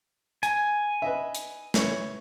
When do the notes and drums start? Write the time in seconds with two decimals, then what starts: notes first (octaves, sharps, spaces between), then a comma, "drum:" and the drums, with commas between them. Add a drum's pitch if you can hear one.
0.43 G#5, drum: hi-hat
1.02 B4 D#5 E5
1.35 drum: hi-hat
1.74 E3 C#5 C#6, drum: snare